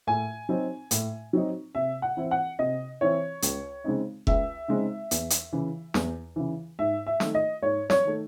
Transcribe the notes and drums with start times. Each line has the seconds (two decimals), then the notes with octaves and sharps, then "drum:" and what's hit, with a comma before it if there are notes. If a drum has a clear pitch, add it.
0.07 A2 G#5
0.49 F#3 C4 D#4
0.91 A2, drum: hi-hat
1.33 F#3 C4 D#4
1.75 C3 E5
2.02 F#5
2.17 E3 C4 E4
2.31 F#5
2.59 C3 D#5
3.01 E3 C4 E4 C#5
3.42 C#2, drum: hi-hat
3.84 C#3 G#3 C4 D#4
4.27 C#2 E5, drum: kick F1
4.68 C#3 G#3 C4 D#4
5.11 E2, drum: hi-hat
5.30 drum: hi-hat
5.53 C#3 E3
5.94 E2, drum: snare
6.36 C#3 E3
6.79 G#2 E5
7.07 E5
7.20 D#3 A3, drum: snare
7.35 D#5
7.62 G#2 C#5
7.90 C#5, drum: snare
8.05 D#3 A3